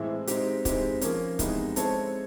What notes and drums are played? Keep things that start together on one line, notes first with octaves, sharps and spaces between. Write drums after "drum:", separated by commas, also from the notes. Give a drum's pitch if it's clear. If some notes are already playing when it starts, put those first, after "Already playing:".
Already playing: A2 E3 G#3 C4 E4
G#3 C4 D#4 G4, drum: hi-hat
E3 G#3 C4 D#4 G4, drum: kick, hi-hat
F3 A#3 C#4, drum: hi-hat
C3 E3 G#3 B3 D#4, drum: kick, hi-hat
G#3 C4 E4 A4 C#5, drum: hi-hat